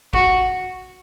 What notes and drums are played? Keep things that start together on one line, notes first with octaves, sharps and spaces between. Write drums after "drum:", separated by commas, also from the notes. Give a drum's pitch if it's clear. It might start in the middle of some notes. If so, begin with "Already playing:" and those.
F#4, drum: kick G#1